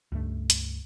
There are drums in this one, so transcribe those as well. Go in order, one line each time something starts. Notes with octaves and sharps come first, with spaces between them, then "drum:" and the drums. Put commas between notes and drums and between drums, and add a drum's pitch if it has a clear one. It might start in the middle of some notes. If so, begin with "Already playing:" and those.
C#2 G2 A3
drum: hi-hat